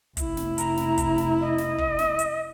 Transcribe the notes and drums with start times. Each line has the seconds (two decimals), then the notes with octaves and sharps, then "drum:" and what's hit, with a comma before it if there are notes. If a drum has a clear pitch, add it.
0.17 F1 E4, drum: kick, hi-hat
0.37 drum: snare
0.58 A#5, drum: hi-hat
0.77 drum: snare
0.98 drum: kick, hi-hat
1.18 drum: snare
1.41 D#5
1.58 drum: snare
1.78 drum: kick
1.99 drum: snare
2.19 drum: hi-hat